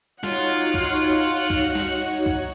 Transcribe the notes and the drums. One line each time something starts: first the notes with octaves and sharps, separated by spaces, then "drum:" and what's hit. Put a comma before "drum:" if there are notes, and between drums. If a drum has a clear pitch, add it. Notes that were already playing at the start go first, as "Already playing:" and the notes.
D#4 F4 F#4 C#5 F#5, drum: snare
drum: kick C2
drum: kick C2
drum: snare
drum: kick C2